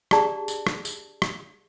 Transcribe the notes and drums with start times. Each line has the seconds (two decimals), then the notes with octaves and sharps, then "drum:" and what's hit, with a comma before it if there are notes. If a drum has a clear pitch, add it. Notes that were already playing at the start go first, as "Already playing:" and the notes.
0.11 D4 G4 G#4 D5 A5 A#5, drum: rim click
0.48 drum: tambourine
0.67 drum: rim click
0.85 drum: tambourine
1.22 drum: rim click